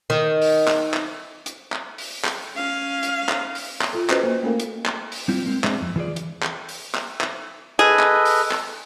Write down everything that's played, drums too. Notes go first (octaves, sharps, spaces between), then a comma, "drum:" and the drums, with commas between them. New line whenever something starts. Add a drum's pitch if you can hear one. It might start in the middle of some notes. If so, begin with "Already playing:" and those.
D#3
drum: open hi-hat
drum: clap
drum: clap
drum: hi-hat
drum: clap
drum: open hi-hat
drum: clap
C#4 F5
drum: hi-hat
drum: clap
drum: open hi-hat
drum: clap
F4 A4
C#4 F#4 B4 C5 D#5, drum: clap
A#3
A3 A#3 C#4 A4 A#4 F5
drum: hi-hat
drum: clap
drum: open hi-hat
G3 C4 E4 F4
G#3 A#3 C4
G#3 C4 D4 G#4 C5 D#5, drum: clap
F2
E3 F4 G#4 D5
drum: hi-hat
drum: clap
drum: open hi-hat
drum: clap
drum: clap
G#4 A4 B4 D#5
drum: clap
drum: open hi-hat
drum: clap